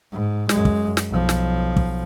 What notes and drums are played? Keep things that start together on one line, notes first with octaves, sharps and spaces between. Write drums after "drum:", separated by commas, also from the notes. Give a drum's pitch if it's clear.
G#2
F#2 G#3, drum: snare
drum: kick
drum: snare
B1 F3
drum: snare
drum: kick